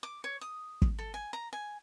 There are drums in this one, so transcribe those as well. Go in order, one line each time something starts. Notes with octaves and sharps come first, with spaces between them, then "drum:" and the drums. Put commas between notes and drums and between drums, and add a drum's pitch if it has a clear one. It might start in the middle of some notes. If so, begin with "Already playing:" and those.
D6
C#5
D#6
drum: kick
A4
G#5
A#5
G#5